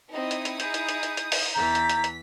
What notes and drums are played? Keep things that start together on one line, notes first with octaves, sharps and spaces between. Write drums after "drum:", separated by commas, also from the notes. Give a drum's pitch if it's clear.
C4 D#4 E4 D#5 D#6
drum: hi-hat
drum: hi-hat
G#4 G6, drum: hi-hat
drum: hi-hat
drum: hi-hat
drum: hi-hat
drum: hi-hat
drum: open hi-hat
E2 E3 A#5 G6 A6 B6
drum: hi-hat
drum: hi-hat
drum: hi-hat